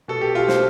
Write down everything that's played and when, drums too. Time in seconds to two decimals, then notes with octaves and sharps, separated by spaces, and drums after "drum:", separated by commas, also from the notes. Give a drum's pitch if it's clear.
0.08 B2 A4
0.21 G4
0.35 F4
0.48 C5, drum: snare